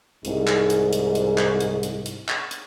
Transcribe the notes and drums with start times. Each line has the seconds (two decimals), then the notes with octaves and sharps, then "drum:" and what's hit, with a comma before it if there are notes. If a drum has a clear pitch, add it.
0.25 C2 G#2, drum: hi-hat
0.47 drum: clap
0.70 drum: hi-hat
0.93 drum: hi-hat
1.15 drum: hi-hat
1.38 drum: clap
1.61 drum: hi-hat
1.83 drum: hi-hat
2.06 drum: hi-hat
2.28 drum: clap
2.51 drum: hi-hat